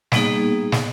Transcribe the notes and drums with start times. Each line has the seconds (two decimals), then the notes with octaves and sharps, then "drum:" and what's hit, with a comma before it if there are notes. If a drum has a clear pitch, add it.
0.12 G3 A#3 B3 D#4 G#4, drum: snare
0.72 drum: snare